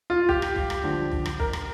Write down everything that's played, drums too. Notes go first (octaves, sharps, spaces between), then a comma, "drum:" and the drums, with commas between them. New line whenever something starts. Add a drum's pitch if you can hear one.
F4
G4, drum: kick
drum: rim click
drum: kick
drum: rim click
D3 F3
drum: kick
drum: rim click
A#4, drum: kick
drum: rim click